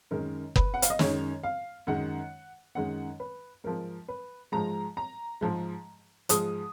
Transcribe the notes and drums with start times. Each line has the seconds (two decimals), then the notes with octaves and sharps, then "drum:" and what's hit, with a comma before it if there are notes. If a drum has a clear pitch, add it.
0.11 F#2 D#3 G#3 A#4
0.56 B4, drum: kick F#1
0.74 F#5
0.82 F5, drum: hi-hat
0.90 D#5
0.99 F#2 D#3 G#3 C#5, drum: snare
1.43 F5
1.87 F#2 D#3 G#3 F#5
2.75 F#2 D#3 G#3 F#5
3.20 B4
3.64 G#2 F3 G#3 A#4
4.08 B4
4.52 G#2 F3 G#3 A#5
4.97 A#5
5.41 G#2 F3 G#3
6.29 G#2 F3 G#3 D#6, drum: hi-hat